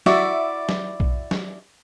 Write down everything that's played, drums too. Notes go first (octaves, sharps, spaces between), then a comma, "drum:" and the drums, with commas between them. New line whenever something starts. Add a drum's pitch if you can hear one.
E4 F#4 D5 E5, drum: snare F#3
drum: snare F#3
drum: kick B1
drum: snare F#3